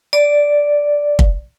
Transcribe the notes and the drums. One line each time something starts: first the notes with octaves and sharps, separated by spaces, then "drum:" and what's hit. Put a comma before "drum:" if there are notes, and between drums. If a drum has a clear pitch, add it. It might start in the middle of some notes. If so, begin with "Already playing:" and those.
D5
drum: kick